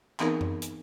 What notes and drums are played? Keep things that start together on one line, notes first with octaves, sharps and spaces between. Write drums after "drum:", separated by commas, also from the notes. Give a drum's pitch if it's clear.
E3 B3 C4 D#4 G#4 A#4, drum: clap
drum: tom F#2
drum: hi-hat